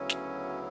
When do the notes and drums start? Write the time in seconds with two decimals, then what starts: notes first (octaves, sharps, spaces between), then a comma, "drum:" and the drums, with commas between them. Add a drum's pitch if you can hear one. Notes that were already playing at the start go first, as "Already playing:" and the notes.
Already playing: D2 C#3 F#3 B3 C#4 E4
0.09 drum: snare